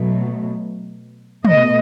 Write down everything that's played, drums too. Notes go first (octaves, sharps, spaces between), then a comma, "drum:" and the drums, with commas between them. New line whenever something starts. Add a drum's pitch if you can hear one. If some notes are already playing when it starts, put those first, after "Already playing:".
Already playing: B2 F#3 A3
B2 A3 D#5, drum: tom